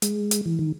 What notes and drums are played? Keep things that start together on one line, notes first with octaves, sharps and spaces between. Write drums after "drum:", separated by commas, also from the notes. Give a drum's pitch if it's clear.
G#3, drum: hi-hat
drum: hi-hat
E3
D#3